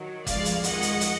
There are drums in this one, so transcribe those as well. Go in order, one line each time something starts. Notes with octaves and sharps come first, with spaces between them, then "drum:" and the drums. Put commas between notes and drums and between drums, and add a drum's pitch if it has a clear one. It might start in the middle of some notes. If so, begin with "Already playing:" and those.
Already playing: D#3 F#3
F2 F3 G#3 D5 F5, drum: kick F#1, hi-hat
drum: hi-hat
F2 D#3 G#3 D#5 F#5, drum: hi-hat
drum: hi-hat
drum: hi-hat